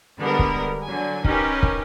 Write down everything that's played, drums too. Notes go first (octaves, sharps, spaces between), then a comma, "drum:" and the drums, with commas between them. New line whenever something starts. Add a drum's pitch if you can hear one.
D3 G3 G#3 B3 A#4
drum: kick
D3 F#3 G#5
C#4 D#4 G4 A#4 B4, drum: kick
drum: kick